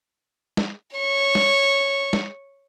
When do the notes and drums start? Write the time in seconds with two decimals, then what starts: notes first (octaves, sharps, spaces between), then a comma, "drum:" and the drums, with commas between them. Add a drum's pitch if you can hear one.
0.57 drum: snare
0.96 C#5 C#6
1.35 drum: snare
2.13 drum: snare